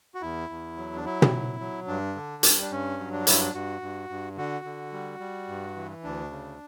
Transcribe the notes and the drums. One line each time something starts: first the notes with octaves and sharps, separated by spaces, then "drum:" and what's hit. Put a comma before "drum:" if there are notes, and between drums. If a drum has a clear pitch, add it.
F#4
E2 E4
E2
F#3
D4
F#3 E4
drum: tom
F#3
F#3
G2 D4
D3
G3, drum: hi-hat
D4
G2 C#4
F#3
D4
G2 E4, drum: hi-hat
D4
G2 F#4
G2
G2
D3 F#4
D3
G3
G3
G2
E3
D2 D4
C#3